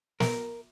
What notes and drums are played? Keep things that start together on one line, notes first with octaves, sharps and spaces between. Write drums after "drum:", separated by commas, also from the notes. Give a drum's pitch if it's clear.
A#4, drum: snare